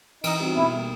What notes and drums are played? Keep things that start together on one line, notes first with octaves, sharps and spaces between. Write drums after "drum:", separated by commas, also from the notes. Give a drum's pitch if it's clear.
E3 D#4, drum: cymbal
G3 C4 D#4 F#4
B2 E4
G3 A#3